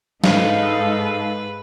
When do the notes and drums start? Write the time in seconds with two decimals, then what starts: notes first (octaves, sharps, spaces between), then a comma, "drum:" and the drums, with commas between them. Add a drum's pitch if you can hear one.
0.24 G#2 D#4 A4 B4 F5, drum: snare